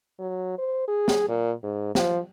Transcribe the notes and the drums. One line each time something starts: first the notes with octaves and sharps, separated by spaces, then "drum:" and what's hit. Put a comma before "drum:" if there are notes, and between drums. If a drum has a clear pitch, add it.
F#3
C5
G#4
drum: snare
A#2
G#2
F3, drum: snare